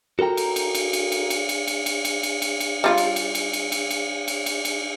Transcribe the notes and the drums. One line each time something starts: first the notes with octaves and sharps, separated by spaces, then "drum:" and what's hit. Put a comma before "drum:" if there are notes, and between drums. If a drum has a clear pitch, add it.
F#4 A4 A#4 G5 A#5
drum: cymbal
drum: cymbal
drum: cymbal
drum: cymbal
drum: cymbal
drum: cymbal
drum: cymbal
drum: cymbal
drum: cymbal
drum: cymbal
drum: cymbal
drum: cymbal
drum: cymbal
G3 F4 F5
drum: cymbal
drum: cymbal
drum: cymbal
drum: cymbal
drum: cymbal
drum: cymbal
drum: cymbal
drum: cymbal
drum: cymbal